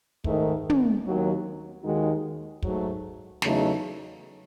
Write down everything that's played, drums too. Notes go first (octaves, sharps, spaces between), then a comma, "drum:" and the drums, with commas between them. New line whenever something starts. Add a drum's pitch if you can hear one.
G#2 D#3 A3 D#4, drum: kick
drum: tom
D#2 D#3 F#3
D#2 D#3 G#3 D#4 F#4
G#2 F#3 A3, drum: kick
E2 C#3 F#3 A3 D#4, drum: snare